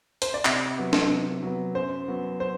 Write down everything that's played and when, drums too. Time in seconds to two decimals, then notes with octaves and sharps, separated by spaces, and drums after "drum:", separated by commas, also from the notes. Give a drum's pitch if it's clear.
0.22 C5, drum: hi-hat
0.34 D5
0.45 C3 E5, drum: clap
0.78 F#3 B3
0.93 drum: snare D4
1.10 C3
1.43 F#3 B3
1.75 F#2 C5
2.08 F#3 B3
2.40 C5